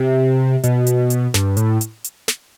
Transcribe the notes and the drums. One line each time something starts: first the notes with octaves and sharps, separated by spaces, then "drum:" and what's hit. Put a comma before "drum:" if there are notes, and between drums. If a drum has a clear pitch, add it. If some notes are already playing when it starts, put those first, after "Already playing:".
Already playing: C3
B2, drum: hi-hat
drum: hi-hat
drum: hi-hat
G2, drum: snare
A2, drum: hi-hat
drum: hi-hat
drum: hi-hat
drum: snare